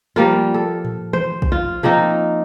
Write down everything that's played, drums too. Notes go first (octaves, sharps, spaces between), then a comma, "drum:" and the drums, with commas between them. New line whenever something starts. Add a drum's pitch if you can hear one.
F3 G3 A#3 F4
A4
drum: tom A2
C5, drum: tom D#3
drum: kick
F4
F3 A#3 C4 D#4